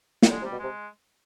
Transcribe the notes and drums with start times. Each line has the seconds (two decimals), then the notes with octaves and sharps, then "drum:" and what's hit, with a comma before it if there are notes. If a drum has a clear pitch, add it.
0.22 D#3, drum: snare
0.31 D3 G#3
0.42 C3
0.45 G3
0.52 B2
0.59 C3 G#3